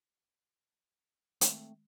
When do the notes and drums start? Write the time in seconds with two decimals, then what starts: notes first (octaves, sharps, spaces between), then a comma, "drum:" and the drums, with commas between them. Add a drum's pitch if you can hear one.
1.41 D#3 G#3 A3 C4, drum: hi-hat